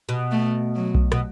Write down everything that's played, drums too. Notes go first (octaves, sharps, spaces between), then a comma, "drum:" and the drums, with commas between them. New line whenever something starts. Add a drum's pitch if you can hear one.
B2
A3
F#3
drum: kick B1
B2, drum: rim click